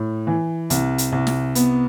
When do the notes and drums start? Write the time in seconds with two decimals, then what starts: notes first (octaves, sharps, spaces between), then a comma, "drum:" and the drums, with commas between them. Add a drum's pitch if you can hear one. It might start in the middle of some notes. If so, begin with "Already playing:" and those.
Already playing: A2
0.27 E3
0.70 C2, drum: hi-hat
0.98 drum: hi-hat
1.12 C2
1.27 drum: snare
1.55 B3, drum: hi-hat